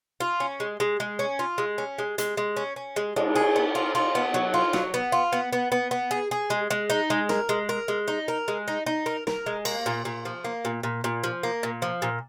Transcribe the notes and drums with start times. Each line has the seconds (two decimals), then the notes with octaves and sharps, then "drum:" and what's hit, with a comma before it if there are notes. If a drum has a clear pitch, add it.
0.20 F4
0.40 C#4
0.60 G#3
0.80 G#3
1.00 G#3
1.19 C#4
1.39 F4
1.58 G#3
1.78 C#4
1.99 G#3
2.18 G#3, drum: hi-hat
2.37 G#3
2.56 C#4
2.76 C#4
2.96 G#3
3.16 G#3, drum: cymbal
3.36 G#4
3.56 B3
3.75 F4
3.95 F4
4.15 B3
4.34 F#3
4.54 F4
4.73 F#3, drum: snare
4.94 B3
5.12 F4
5.33 B3
5.53 B3
5.72 B3
5.91 B3
6.11 G#4
6.31 G#4
6.50 G#3
6.70 G#3
6.90 D#4
7.10 G#3
7.29 A#4, drum: snare
7.49 G#3
7.69 A#4
7.88 G#3
8.08 D#4
8.28 A#4
8.48 G#3
8.68 D#4
8.86 D#4
9.06 A#4
9.27 A#4, drum: snare
9.46 G#3
9.65 A#3, drum: cymbal
9.86 A#2
10.05 A#2
10.25 F3
10.45 A#3
10.65 A#2
10.83 A#2
11.04 A#2
11.24 F3
11.43 A#3
11.63 A#2
11.82 F3
12.02 A#2